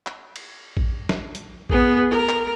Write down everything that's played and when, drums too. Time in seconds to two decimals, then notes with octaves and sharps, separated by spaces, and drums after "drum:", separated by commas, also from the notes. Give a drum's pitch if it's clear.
0.07 drum: clap
0.36 drum: cymbal
0.77 drum: kick A1
1.09 drum: snare
1.35 drum: hi-hat
1.70 B3 G#4, drum: kick A1
2.10 A#4
2.29 drum: clap